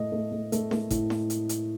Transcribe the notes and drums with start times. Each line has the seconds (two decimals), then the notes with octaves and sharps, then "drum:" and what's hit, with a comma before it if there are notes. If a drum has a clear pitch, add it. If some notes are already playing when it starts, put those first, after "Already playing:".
Already playing: A2 A3 D#5
0.12 A3
0.32 A3
0.52 A3, drum: hi-hat
0.71 A3, drum: snare E4
0.90 A2, drum: kick G1, hi-hat
1.10 drum: snare E4
1.30 drum: hi-hat
1.49 drum: hi-hat